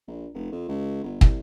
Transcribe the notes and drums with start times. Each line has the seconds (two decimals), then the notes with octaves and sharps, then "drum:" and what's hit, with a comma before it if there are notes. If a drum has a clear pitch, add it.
0.08 A#1
0.34 F1
0.52 F2
0.68 C#2
1.04 G1
1.21 C2, drum: kick